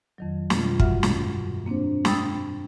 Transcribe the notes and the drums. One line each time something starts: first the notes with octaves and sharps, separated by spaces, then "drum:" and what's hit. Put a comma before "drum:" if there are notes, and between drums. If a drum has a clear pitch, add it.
F2 D#3 F#3
B2 G3 A#3 F4, drum: snare
G2 A#2 F#4 E5 F#5 F6, drum: kick
drum: snare
A#3 C4 D4 C5
G5 B5 D#6 E6 A6, drum: snare